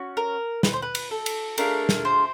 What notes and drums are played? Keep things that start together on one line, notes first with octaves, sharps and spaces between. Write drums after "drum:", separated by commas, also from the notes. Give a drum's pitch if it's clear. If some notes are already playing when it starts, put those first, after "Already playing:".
Already playing: C#4 F#4
A#4
B4, drum: snare
C5
B4
drum: cymbal
A4
drum: cymbal
A3 D4 F4 G#4 A#4, drum: cymbal
drum: snare
C5